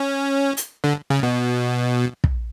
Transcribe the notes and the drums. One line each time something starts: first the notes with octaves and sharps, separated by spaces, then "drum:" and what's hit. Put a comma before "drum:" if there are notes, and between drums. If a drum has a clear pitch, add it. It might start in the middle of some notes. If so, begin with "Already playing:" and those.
Already playing: C#4
drum: hi-hat
D3
C#3
B2
drum: kick